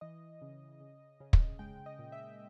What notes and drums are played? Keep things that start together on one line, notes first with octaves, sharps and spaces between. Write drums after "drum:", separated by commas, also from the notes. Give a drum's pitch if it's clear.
E3 D#5
C#3
C#3
C#3
drum: kick
G#3 G5
D#5
A#2
E5